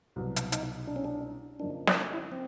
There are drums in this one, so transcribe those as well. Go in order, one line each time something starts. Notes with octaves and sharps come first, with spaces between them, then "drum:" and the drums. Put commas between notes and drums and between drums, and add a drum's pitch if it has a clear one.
C2 B2 F#3
drum: hi-hat
D#4, drum: hi-hat
D4
C#4
D4
F2 C#3 F3 A#3 D4 D#4
drum: snare
E4
C4